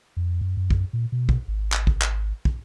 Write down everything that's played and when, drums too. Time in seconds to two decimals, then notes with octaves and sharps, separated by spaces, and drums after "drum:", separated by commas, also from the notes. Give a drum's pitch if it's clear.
0.17 F2
0.41 F#2
0.57 F#2
0.70 drum: kick
0.93 A#2
1.12 B2
1.29 drum: kick
1.48 G#1
1.72 drum: clap
1.87 drum: kick
2.02 drum: clap
2.45 drum: kick